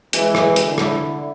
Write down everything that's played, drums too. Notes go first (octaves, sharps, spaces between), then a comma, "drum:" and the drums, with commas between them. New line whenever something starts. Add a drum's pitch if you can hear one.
E3 G#3, drum: hi-hat
drum: rim click
drum: hi-hat
D3 E4
drum: rim click